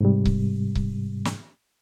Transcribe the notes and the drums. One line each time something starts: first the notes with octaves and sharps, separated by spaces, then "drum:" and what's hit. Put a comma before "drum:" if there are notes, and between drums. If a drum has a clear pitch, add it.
G#2 C3 G3
drum: kick C#1
drum: kick C#1
drum: snare